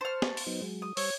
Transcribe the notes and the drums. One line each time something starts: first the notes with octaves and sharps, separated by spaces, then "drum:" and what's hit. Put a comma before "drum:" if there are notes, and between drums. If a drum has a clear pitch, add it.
C5 A5 C#6 F6
drum: snare
drum: open hi-hat
F#3 B3 D#4
F#3 G#3
D#6
G3 C5 C#5 C#6 E6, drum: open hi-hat